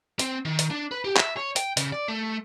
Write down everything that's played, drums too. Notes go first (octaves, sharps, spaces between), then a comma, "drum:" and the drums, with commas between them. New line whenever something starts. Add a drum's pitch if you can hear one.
C4, drum: hi-hat
D#3
drum: hi-hat
D4
B4
G4
E5, drum: clap
C#5
G5, drum: hi-hat
C#3, drum: hi-hat
D5
A3